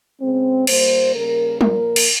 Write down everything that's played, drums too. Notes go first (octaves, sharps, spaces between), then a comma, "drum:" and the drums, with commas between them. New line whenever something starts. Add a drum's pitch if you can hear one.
C#3 G#3 C4
A#2 G3 A#3 C5, drum: cymbal
C#3 G3 A#3 A#4
A#2 F3 A#3 A#4, drum: tom
drum: cymbal